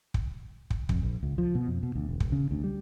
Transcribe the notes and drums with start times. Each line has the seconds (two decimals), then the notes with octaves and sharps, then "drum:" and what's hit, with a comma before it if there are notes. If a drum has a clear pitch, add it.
0.14 drum: kick
0.70 drum: kick
0.89 F2, drum: kick
1.03 A#1
1.23 C#2
1.38 F3
1.55 B2
1.68 F2
1.83 B2
1.95 D2
2.09 E1
2.20 drum: kick
2.32 C#3
2.51 D2
2.64 G3